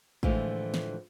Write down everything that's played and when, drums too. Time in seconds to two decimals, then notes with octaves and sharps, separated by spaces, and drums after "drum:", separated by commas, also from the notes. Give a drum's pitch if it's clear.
0.23 A2 D3 E3 F3 G#3, drum: kick
0.74 drum: snare